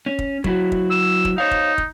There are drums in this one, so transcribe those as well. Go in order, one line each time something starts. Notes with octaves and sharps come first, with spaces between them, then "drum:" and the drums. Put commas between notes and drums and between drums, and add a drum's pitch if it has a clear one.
C#4
drum: kick
F#3 E4 F#4, drum: kick
drum: kick
E6
drum: kick
D#4 C5 C#5 F5
drum: kick
drum: kick